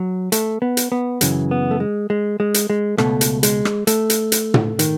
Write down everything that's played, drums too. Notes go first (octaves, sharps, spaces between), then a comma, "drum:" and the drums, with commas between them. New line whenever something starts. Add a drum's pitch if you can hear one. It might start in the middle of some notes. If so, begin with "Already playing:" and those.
Already playing: F#3
A3, drum: hi-hat
B3
drum: hi-hat
B3
F#2 C#3 E3, drum: hi-hat
B3
A3
G#3
G#3
G#3
drum: hi-hat
G#3
C#2 B2 A3, drum: rim click
drum: hi-hat
G#3, drum: hi-hat
drum: rim click
A3, drum: hi-hat
drum: hi-hat
drum: hi-hat
drum: tom
D#3, drum: hi-hat